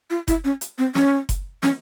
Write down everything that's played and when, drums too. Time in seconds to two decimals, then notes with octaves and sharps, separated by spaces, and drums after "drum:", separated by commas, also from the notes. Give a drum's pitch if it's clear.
0.10 F4
0.28 E4, drum: kick F#1, hi-hat
0.45 C#4
0.61 drum: hi-hat
0.78 C4
0.95 C#4, drum: snare
1.29 drum: kick F#1, hi-hat
1.63 C#4, drum: snare